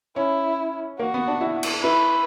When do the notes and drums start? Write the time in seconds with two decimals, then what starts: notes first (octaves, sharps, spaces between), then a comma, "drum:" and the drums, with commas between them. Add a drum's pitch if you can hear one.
0.16 C#4 E4
0.99 A#3 F#4
1.14 B3
1.28 D4
1.41 E4
1.63 drum: cymbal
1.83 E4 B4